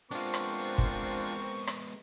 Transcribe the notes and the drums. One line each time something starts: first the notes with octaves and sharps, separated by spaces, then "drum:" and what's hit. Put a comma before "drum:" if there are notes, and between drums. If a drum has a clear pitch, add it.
G#3 B3 C4 D4 F4 A#4 C5 C#6
drum: rim click
drum: kick
drum: rim click